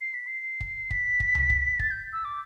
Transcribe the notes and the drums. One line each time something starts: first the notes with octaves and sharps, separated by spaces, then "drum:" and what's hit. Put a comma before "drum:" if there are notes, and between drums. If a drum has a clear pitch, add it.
C7
B6
C7
drum: kick
B6, drum: kick
drum: kick
drum: tom C#2
drum: kick
A6, drum: kick
G6
E6
D6